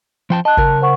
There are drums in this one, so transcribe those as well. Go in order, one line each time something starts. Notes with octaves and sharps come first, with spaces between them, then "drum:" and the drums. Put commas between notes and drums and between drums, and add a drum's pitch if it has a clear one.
F3 G5 A5
D#5 A5 F#6
C#3 A#4, drum: kick G#1
C5 F#5 C#6